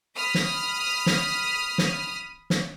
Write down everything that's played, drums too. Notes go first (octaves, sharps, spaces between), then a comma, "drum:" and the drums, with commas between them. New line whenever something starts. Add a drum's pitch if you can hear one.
B5 D#6 F6
drum: snare
drum: snare
drum: snare
drum: snare